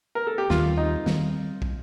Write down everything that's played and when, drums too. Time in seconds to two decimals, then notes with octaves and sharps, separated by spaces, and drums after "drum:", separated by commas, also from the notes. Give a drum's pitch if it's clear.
0.15 A#4
0.27 A4
0.38 G4
0.50 D#2 D#3 G3 C4 F4, drum: snare
0.77 D#4
1.06 D#3 G3 C4, drum: snare
1.62 drum: kick